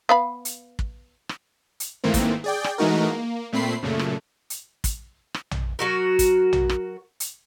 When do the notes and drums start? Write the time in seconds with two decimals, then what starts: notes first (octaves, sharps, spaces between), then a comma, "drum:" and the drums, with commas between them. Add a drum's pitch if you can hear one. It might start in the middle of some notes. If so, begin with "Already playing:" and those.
0.09 B3 F5 B5
0.45 drum: hi-hat
0.79 drum: kick
1.29 drum: rim click
1.80 drum: hi-hat
2.04 G#2 D#3 E3 A3 A#3 C4
2.14 drum: kick, hi-hat
2.44 G#4 D5 G5
2.64 drum: rim click
2.78 E3 G#3 A3 D#4 F#4 A#4
3.10 A#3
3.53 A#2 A3 C4 B5 C7
3.83 F#2 A#2 C#3 A3
3.99 drum: rim click
4.50 drum: hi-hat
4.84 drum: kick, hi-hat
5.34 drum: rim click
5.51 drum: tom A#1
5.79 F#3 F#4 A#4
6.19 drum: kick, hi-hat
6.53 drum: tom A#1
6.69 drum: rim click
7.20 drum: hi-hat